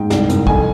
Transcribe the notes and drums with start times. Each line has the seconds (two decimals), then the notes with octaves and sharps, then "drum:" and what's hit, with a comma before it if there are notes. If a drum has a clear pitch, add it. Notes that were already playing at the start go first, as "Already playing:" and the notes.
Already playing: G#2 G5
0.10 C2, drum: snare
0.29 C2, drum: hi-hat
0.47 F2 G#5, drum: kick